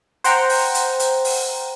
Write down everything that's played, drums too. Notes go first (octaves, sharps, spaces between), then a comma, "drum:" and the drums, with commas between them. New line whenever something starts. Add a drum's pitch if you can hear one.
C5 F#5 G5 A#5, drum: hi-hat
drum: open hi-hat
drum: hi-hat
drum: hi-hat
drum: open hi-hat